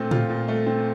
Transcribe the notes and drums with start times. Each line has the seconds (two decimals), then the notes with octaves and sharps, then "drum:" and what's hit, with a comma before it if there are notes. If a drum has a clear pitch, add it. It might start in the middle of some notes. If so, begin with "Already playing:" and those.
Already playing: A#2 A3 C4 F4
0.11 F4, drum: tom
0.30 A#2
0.48 A3
0.66 C4